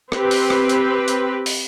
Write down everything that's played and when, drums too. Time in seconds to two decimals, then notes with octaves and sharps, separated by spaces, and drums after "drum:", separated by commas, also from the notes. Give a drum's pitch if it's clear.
0.12 C4 G4 B4, drum: rim click
0.31 drum: open hi-hat
0.50 drum: rim click
0.69 drum: hi-hat
1.08 drum: hi-hat
1.46 drum: open hi-hat